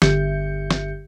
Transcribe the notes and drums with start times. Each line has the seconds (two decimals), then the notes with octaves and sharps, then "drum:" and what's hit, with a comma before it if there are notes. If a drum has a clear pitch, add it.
0.02 G1 D3 G4 E5 G6 C#7, drum: snare
0.70 drum: snare